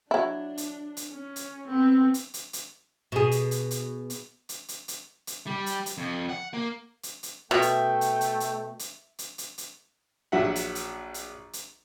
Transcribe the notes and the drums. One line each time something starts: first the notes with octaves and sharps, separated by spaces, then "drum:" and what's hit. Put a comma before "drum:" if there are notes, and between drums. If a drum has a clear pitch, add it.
F#3 D4 E4
drum: hi-hat
drum: hi-hat
C#4
drum: hi-hat
B3 C4
drum: hi-hat
drum: hi-hat
drum: hi-hat
B2 G#4
drum: hi-hat
drum: hi-hat
drum: hi-hat
drum: hi-hat
drum: hi-hat
drum: hi-hat
drum: hi-hat
drum: hi-hat
G3
drum: hi-hat
drum: hi-hat
F2
F#5
A#3
drum: hi-hat
drum: hi-hat
B2 A3 E5 G5
drum: hi-hat
drum: hi-hat
drum: hi-hat
drum: hi-hat
drum: hi-hat
drum: hi-hat
drum: hi-hat
drum: hi-hat
A#1 F#3 E5 F#5
drum: hi-hat
drum: hi-hat
drum: hi-hat
drum: hi-hat